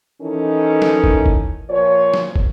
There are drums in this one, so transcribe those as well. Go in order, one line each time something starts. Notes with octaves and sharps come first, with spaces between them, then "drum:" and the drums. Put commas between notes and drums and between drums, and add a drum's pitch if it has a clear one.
D#3 E3 C#4 D#4 A4
drum: snare
drum: kick
drum: kick
A#2 F3 C#5
drum: snare
drum: kick